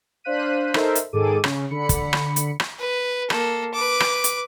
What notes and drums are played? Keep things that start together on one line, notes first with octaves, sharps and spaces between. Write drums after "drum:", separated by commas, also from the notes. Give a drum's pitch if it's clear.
D4 C5 F5 F#6 B6 D#7
D#4 A4 A#4 C5 E5, drum: rim click
drum: hi-hat
G#2 D#3 G#4 A4 D6 D#7
C#3, drum: rim click
D3 B5 C#7
drum: kick, hi-hat
drum: rim click
drum: hi-hat
drum: rim click
B4
A#3 A4, drum: rim click
B4 D6
drum: rim click
drum: hi-hat